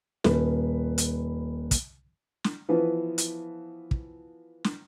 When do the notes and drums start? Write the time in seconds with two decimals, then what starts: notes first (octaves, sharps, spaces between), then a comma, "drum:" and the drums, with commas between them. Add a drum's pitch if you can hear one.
0.24 D#1 B4, drum: snare
0.98 drum: hi-hat
1.71 drum: kick, hi-hat
2.44 drum: snare
2.69 E3 F3 B3
3.18 drum: hi-hat
3.91 drum: kick
4.64 drum: snare